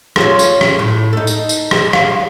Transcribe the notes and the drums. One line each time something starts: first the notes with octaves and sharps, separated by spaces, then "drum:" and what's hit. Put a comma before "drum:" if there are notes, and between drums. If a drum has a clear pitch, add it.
C#4 F4 A4, drum: rim click
drum: tambourine
drum: rim click
A2
D#4 A4
drum: tambourine
drum: tambourine
drum: rim click
F5, drum: rim click